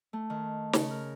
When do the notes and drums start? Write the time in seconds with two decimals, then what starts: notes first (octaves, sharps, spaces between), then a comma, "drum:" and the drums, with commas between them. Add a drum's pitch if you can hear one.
0.13 A3
0.30 D#3
0.73 C#3, drum: snare
0.91 A#4